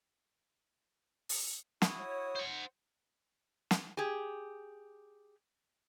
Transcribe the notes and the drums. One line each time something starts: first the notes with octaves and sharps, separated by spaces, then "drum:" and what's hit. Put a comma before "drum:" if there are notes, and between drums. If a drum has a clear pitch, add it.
drum: open hi-hat
E4 F#4 D#6, drum: snare
C#5
C5 F#5
drum: snare
G4 G#4